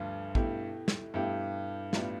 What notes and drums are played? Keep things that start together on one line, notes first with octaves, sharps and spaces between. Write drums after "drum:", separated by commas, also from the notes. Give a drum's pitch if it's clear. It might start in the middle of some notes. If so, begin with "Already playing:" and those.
Already playing: D2 G2 F3 A3
B2 A3 E4 G4, drum: kick A1
drum: snare
G2 B2 A3 E4 G4
A2 G3 B3 F4, drum: snare